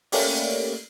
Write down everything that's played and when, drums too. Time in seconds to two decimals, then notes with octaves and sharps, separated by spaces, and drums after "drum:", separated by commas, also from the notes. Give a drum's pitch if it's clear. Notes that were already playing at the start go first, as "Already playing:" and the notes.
0.12 A3 A#3 C#4 G4 C#5 D5, drum: open hi-hat